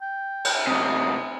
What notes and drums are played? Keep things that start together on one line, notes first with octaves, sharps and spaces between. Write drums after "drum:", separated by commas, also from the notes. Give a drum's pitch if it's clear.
G5
drum: cymbal
F#2 C3 D#5